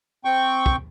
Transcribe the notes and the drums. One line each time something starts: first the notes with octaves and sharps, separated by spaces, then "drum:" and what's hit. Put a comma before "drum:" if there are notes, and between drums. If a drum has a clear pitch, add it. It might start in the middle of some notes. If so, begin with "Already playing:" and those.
C4 G5 C#6
drum: kick